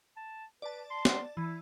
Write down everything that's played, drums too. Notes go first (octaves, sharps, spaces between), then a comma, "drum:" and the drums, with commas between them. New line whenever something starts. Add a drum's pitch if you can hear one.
A5
B4 D5 A5
C6
drum: snare
E3 E4